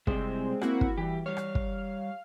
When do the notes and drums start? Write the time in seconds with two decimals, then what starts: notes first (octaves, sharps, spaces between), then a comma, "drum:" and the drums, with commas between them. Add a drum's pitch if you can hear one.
0.07 C3 G3 G#3 C4 C5, drum: kick
0.61 A#3 C4 E4 F#4, drum: rim click
0.81 drum: kick
0.98 E3 G3 G4
1.26 G3 C#5 F5
1.37 drum: rim click
1.55 drum: kick